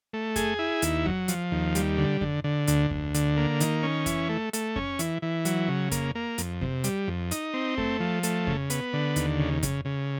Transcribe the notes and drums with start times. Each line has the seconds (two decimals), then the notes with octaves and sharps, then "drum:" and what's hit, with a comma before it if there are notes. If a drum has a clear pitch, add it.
0.13 A3
0.36 G#4, drum: kick F2, hi-hat
0.59 E4
0.82 D#2, drum: hi-hat
1.06 F#3, drum: kick F2
1.28 F3, drum: hi-hat
1.52 D#2
1.75 G3, drum: hi-hat
1.98 D3
2.21 D3, drum: kick F2
2.44 D3
2.67 D2, drum: hi-hat
2.91 D2, drum: kick F2
3.15 D3, drum: hi-hat
3.37 A#3
3.60 D#3, drum: hi-hat
3.83 C#4
4.06 E3, drum: kick F2, hi-hat
4.29 A3
4.53 A3, drum: hi-hat
4.76 C#4, drum: kick F2
4.99 E3, drum: hi-hat
5.22 E3
5.45 F#3, drum: hi-hat
5.68 C#3
5.92 A#3, drum: kick F2, hi-hat
6.15 A#3
6.38 F2, drum: hi-hat
6.61 C3, drum: kick F2
6.84 G3, drum: hi-hat
7.08 F2
7.31 D#4, drum: hi-hat
7.54 C4
7.78 A3, drum: kick F2
8.00 F3
8.23 A3, drum: hi-hat
8.47 C#3, drum: kick F2
8.70 B3, drum: hi-hat
8.93 D3
9.16 D#2, drum: hi-hat
9.39 C#3
9.63 C#3, drum: kick F2, hi-hat
9.85 C#3